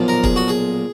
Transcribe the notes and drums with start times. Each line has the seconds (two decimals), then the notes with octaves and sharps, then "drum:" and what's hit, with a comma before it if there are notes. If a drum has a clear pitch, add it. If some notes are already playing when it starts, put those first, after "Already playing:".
Already playing: B1 A#2 F3
0.08 A#4
0.24 G#4, drum: kick
0.36 F#4
0.48 G#4